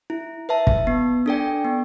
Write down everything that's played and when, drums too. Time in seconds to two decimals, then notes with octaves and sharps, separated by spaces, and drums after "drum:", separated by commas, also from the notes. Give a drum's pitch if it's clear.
0.10 E4
0.49 B4 E5 A5
0.67 drum: kick
0.87 B3
1.26 D4 A4 D5 G5
1.65 B3